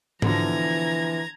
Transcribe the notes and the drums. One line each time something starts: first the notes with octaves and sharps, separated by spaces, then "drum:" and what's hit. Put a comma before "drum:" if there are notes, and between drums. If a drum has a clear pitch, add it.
B2 D3 E3 F3 A#5 G#6 A#6, drum: tom G#2